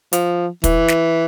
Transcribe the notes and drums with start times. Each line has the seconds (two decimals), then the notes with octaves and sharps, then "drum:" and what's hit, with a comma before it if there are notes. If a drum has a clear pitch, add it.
0.13 F3, drum: hi-hat
0.64 E3, drum: kick, hi-hat
0.88 drum: snare